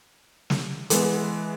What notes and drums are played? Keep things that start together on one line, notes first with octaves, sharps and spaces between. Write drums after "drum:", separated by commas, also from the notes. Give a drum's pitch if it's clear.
drum: snare
E3 G#3 B3, drum: hi-hat